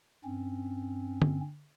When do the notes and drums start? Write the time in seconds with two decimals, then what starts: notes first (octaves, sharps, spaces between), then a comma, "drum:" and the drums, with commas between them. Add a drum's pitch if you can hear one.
0.25 G2 C4 C#4
1.22 drum: tom D3